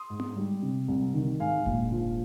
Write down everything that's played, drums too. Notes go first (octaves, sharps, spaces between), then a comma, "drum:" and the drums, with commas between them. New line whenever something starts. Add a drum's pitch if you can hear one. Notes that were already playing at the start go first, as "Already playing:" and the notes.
Already playing: C6 D#6
G#2
drum: tom B3
G3
C3
C2
D#3
G#2 F5 G#5
A#1, drum: kick E1
F3